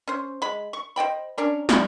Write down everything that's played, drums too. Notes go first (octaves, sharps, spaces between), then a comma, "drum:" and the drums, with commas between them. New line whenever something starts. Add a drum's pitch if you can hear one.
C#4 C5
G#3 B5
C#6
C5 D#5 G5 B5
C#4 D4 A#4
G3 B5, drum: snare